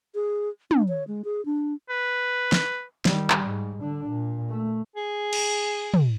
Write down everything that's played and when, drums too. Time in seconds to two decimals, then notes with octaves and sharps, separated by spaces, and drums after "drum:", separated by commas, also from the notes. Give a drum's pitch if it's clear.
0.15 G#4
0.71 D4, drum: tom
0.89 C#5
1.08 G#3
1.25 G#4
1.46 D4
1.90 B4
2.52 drum: snare
3.05 D#3 G3, drum: snare
3.30 drum: clap
3.45 G#2
3.80 D3 D4
4.09 A#2
4.49 A3
4.96 G#4
5.33 drum: cymbal
5.94 drum: tom